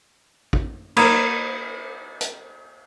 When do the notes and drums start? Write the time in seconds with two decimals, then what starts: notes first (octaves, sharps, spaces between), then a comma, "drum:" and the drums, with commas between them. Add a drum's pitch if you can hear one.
0.53 drum: kick A1
0.97 A#3 B5 D#6 G#6, drum: cymbal
2.21 drum: hi-hat